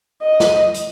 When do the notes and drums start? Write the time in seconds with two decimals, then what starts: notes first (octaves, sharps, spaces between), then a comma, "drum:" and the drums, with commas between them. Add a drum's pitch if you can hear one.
0.23 D#5
0.40 drum: snare
0.74 drum: hi-hat